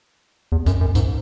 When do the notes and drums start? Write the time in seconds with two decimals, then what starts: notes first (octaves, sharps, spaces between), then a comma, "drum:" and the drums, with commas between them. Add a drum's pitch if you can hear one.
0.52 E2
0.66 F#2, drum: kick, hi-hat
0.81 F#2
0.95 G#2, drum: kick, hi-hat